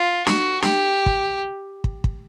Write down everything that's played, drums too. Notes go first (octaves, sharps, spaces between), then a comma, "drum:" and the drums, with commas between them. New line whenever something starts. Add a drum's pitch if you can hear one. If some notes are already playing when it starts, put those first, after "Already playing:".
Already playing: F4
F#4, drum: snare
G4, drum: snare
drum: kick
drum: kick
drum: kick